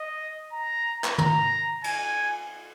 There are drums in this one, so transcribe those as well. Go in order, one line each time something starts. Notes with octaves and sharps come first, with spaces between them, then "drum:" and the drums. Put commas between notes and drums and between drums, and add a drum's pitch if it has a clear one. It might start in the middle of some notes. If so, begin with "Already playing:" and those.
Already playing: D#5
A#5
drum: clap
A#5, drum: tom
G#5, drum: cymbal